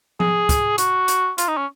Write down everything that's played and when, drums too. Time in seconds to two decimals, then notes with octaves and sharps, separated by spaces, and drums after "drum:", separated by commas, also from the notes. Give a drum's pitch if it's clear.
0.20 G#4, drum: tom F3
0.49 drum: kick, hi-hat
0.78 F#4, drum: hi-hat
1.08 drum: hi-hat
1.38 F4, drum: hi-hat
1.48 D#4
1.57 C#4